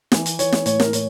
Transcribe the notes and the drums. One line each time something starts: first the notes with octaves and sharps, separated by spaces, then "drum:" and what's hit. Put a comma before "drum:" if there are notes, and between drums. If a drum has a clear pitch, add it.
E3, drum: snare
drum: hi-hat
E3 C#5, drum: hi-hat
drum: snare
A2 C#5, drum: hi-hat
A#4, drum: snare
A2 C#5, drum: hi-hat